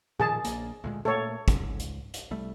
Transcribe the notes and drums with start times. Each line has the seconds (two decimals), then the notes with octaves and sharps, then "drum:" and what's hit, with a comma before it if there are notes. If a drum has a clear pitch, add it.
0.20 A#2 D#3 F3 G#4 A5
0.44 A#1 A#3, drum: hi-hat
0.84 D2 A#2 G#3
1.05 A#2 A3 A#3 A4 C#5
1.48 C#2 G#2, drum: kick, hi-hat
1.80 drum: hi-hat
2.14 drum: hi-hat
2.31 C2 G3 A3